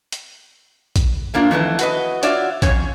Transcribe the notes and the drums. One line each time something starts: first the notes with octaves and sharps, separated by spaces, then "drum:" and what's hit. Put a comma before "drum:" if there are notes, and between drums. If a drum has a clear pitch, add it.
drum: hi-hat
drum: kick, hi-hat
A3 A#3 D4 F4
F2 D#3 E3 A3
F#4 B4 D#5, drum: hi-hat
F4 F#4 C#5 D5 E5, drum: hi-hat
F2 C#4 C#5, drum: kick, hi-hat